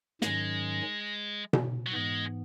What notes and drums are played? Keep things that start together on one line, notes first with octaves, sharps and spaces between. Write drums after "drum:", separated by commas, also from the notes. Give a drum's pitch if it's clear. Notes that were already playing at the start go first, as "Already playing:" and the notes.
G#2 D#3 F#3 G#3 C#4, drum: snare
drum: tom B2
F#3
G#2 E3 G#3 B3